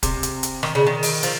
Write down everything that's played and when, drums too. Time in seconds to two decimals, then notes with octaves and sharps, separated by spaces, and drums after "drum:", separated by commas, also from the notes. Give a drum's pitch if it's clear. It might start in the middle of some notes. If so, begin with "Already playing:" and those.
0.03 C3, drum: kick, hi-hat
0.23 drum: hi-hat
0.43 drum: hi-hat
0.63 D#3, drum: rim click
0.75 C#3
0.87 D#3
1.03 drum: open hi-hat
1.23 F3, drum: hi-hat